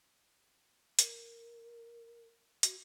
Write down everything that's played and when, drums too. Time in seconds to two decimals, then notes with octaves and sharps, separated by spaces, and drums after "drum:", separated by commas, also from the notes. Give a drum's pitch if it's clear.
0.99 A#4, drum: hi-hat
2.63 F#4, drum: hi-hat